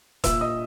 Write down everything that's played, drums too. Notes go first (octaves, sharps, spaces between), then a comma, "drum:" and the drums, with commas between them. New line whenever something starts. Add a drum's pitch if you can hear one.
A#2 E5 E6, drum: kick E1, hi-hat
D#5 D#6